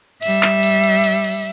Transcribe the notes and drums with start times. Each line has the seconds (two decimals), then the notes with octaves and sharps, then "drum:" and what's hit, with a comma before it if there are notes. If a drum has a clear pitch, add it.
0.22 G3 E5, drum: cymbal
0.43 drum: clap
0.63 drum: cymbal
0.84 drum: cymbal
1.04 drum: cymbal
1.24 drum: cymbal